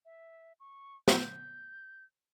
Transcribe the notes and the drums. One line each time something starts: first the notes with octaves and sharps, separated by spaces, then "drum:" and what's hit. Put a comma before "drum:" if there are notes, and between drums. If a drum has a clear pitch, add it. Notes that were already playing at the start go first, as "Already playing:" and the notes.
E5
C#6
G6, drum: snare